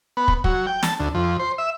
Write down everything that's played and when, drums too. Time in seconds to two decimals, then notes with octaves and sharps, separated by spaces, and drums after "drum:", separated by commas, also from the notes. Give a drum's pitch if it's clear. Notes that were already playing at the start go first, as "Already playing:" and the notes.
0.17 B3
0.28 drum: kick
0.44 F#3, drum: kick
0.67 G5
0.83 A5, drum: snare
1.00 D2
1.15 F2
1.39 C5
1.58 E5